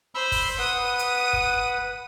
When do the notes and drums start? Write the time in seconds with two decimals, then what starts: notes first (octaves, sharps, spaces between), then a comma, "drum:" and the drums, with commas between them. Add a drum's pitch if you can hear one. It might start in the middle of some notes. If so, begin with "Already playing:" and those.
0.15 C5 B5 E6
0.32 drum: kick F#1, open hi-hat
0.59 B4 F#5 D#6 D#7
0.99 drum: hi-hat
1.33 drum: kick F#1